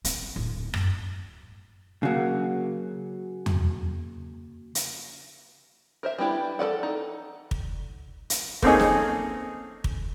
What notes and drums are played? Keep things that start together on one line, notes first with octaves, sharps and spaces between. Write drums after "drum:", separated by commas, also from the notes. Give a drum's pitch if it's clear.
C4, drum: hi-hat
D1
F#2, drum: rim click
C#3 F#3 A#3
drum: tom E2
drum: hi-hat
A#4 C5 E5
G3 B3 D4 E4 G4
A4 B4 D5 F#5
D#4
drum: kick
drum: hi-hat
A3 A#3 C4 C#4 D#4 G#4, drum: kick
drum: snare
drum: kick